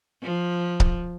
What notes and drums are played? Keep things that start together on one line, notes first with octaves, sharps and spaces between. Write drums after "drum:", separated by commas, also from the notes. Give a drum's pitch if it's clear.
F3
drum: kick C#1